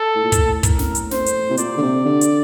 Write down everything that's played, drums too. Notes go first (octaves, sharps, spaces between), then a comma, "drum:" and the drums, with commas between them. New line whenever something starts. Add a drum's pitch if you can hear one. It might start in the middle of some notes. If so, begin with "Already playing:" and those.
Already playing: A4
A2
A#2
A2, drum: kick, hi-hat
A#4, drum: kick, hi-hat
drum: snare
drum: hi-hat
C5, drum: snare
drum: hi-hat
C3
A#2 D5, drum: hi-hat
D3
C3
D3
drum: hi-hat